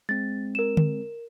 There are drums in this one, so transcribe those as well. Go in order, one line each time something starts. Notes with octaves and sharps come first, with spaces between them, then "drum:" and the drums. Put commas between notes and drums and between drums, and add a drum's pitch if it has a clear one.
G#3 C4 A6
A#4 E7
drum: tom D3